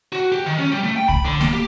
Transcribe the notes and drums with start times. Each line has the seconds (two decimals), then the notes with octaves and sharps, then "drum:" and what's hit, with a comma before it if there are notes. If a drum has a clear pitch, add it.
0.13 F#4
0.32 G4
0.46 D#3
0.59 C#4
0.72 G3
0.84 A3
0.96 G5
1.09 B5, drum: kick C2
1.25 D3
1.41 A#3, drum: snare A3
1.53 G4